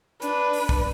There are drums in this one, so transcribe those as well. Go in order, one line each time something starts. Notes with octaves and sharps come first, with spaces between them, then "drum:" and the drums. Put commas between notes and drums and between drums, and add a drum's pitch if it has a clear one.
D4 B4, drum: hi-hat
drum: open hi-hat
drum: kick